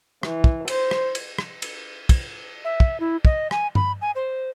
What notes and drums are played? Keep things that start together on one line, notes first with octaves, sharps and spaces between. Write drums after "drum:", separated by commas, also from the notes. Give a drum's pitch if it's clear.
E3, drum: rim click
drum: kick
C5, drum: cymbal
drum: rim click
drum: cymbal
drum: rim click
drum: cymbal
drum: kick, cymbal
E5
drum: kick
E4
D#5, drum: kick
G#5, drum: rim click
B5, drum: tom G2
G#5
C5